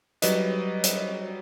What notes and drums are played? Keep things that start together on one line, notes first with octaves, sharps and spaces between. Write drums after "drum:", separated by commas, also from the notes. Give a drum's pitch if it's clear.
F#3 G3 B4 D#5, drum: hi-hat
drum: hi-hat